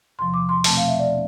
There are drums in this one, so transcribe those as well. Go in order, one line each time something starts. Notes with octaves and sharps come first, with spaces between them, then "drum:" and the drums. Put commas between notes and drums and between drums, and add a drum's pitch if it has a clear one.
E2 C3 F3 C6
D6
C6
B2 A3 C4 A5, drum: open hi-hat
F5
E5
D5
B3 D4